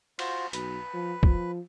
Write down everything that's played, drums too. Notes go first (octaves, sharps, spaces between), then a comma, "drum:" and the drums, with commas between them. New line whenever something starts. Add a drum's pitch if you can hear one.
F4 F#4 C5, drum: cymbal
B1 B4, drum: hi-hat
F3
F3, drum: kick